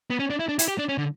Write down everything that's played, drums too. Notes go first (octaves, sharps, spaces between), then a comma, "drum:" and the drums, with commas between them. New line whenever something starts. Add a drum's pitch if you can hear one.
B3
C#4
D4
E4
D4
E4, drum: hi-hat
G4
D4
C#4
D3